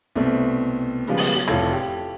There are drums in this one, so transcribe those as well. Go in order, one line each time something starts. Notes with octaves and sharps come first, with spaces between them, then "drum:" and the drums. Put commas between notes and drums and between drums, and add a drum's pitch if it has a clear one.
C2 B2 A3 C4
C#3 F3 G3 G#3 B3
drum: open hi-hat
F#3
F1 A2 F4 A4 C#5 G#6, drum: rim click
G4